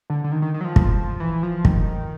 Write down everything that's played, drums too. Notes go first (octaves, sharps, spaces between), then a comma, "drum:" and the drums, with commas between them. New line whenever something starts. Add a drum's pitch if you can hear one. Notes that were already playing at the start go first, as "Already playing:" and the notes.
D3
D3
D#3
D#3
D#3
F#3
F3
drum: kick
E3
F3
D#3, drum: kick